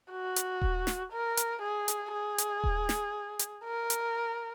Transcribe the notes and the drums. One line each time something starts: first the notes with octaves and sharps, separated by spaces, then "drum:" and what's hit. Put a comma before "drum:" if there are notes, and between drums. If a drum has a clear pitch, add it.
F#4
drum: hi-hat
drum: kick D#1
drum: snare
A#4
drum: hi-hat
G#4
drum: hi-hat
G#4
drum: hi-hat
drum: kick D#1
drum: snare
drum: hi-hat
A#4
drum: hi-hat